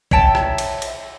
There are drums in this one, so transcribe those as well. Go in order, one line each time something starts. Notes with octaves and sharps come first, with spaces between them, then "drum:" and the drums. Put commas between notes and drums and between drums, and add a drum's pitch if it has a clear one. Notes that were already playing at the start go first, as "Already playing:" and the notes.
C#5 E5 G5 A5, drum: kick
drum: rim click
drum: cymbal
drum: cymbal